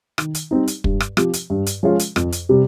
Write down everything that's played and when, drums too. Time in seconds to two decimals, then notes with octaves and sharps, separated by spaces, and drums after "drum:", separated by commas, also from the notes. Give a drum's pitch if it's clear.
0.18 D#3, drum: rim click
0.35 drum: hi-hat
0.51 G3 C4 D#4
0.67 drum: hi-hat
0.84 G2, drum: kick
1.00 drum: rim click
1.17 F3 C4 G4, drum: rim click
1.33 drum: hi-hat
1.50 G2
1.66 drum: hi-hat
1.83 F3 G#3 C#4 F4
1.99 drum: hi-hat
2.16 F2, drum: rim click
2.32 drum: hi-hat
2.49 C3 G3